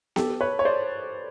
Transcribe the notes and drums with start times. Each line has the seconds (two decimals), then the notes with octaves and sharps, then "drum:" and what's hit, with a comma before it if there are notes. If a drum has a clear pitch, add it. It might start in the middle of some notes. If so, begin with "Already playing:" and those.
0.16 G4 A4, drum: snare B3
0.41 B4 C#5
0.59 C#5
0.65 C5 D5